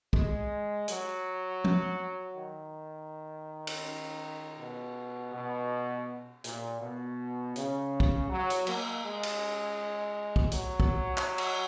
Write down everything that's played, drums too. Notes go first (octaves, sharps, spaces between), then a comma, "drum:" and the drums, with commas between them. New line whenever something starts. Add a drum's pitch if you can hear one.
G#3, drum: kick
F#3, drum: hi-hat
drum: tom F3
D#3
drum: cymbal
B2
B2
A#2, drum: hi-hat
B2
C#3, drum: hi-hat
drum: kick
F#3
drum: hi-hat
A#3, drum: cymbal
G#3
drum: cymbal
drum: kick
F#3, drum: hi-hat
drum: kick
drum: clap
drum: cymbal